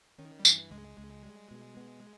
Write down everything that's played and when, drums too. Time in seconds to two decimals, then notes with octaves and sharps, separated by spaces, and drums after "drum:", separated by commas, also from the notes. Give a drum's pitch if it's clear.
0.18 D#3 C#4
0.40 G3
0.45 G2 E3, drum: tambourine
0.71 C#2 G#3
0.98 C#2
1.24 G3
1.51 B2
1.77 B3